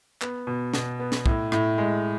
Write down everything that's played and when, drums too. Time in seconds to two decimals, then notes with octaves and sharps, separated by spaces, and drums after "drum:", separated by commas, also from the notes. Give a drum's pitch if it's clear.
0.21 B3, drum: clap
0.47 B2
0.74 B2, drum: snare
0.99 B3
1.12 drum: snare
1.26 A2, drum: kick
1.52 A2, drum: rim click
1.78 G#3